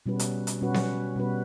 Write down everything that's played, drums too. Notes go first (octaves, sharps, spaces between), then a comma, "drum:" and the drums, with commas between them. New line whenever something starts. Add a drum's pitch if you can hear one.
B2 G3 C#4 F#4 B4
drum: hi-hat
drum: hi-hat
B2 G3 C#4 F#4 B4
drum: snare B3
B2 G3 C#4 F#4 B4